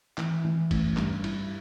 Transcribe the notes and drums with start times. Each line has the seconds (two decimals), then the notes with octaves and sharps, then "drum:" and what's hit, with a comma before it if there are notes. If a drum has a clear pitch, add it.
0.18 E3, drum: clap
0.45 E3
0.71 A1, drum: kick G1, cymbal
0.97 G2, drum: clap
1.24 E4, drum: cymbal